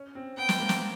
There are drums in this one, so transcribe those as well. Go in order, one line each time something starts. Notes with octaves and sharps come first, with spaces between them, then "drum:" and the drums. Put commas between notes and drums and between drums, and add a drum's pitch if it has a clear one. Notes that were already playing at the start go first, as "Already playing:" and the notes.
Already playing: C#4
C4
B3 G5
drum: snare
A#3
drum: snare